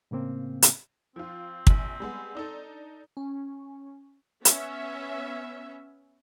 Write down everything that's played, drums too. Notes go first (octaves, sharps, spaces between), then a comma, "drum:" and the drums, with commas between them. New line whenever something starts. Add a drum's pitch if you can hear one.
A2 C#3 A#3 C4
drum: hi-hat
F3 C4 F4
A#1 F#7, drum: kick
G3 G#3 B3
D4 D#4 A4
C#4
B3 C#4 E5, drum: hi-hat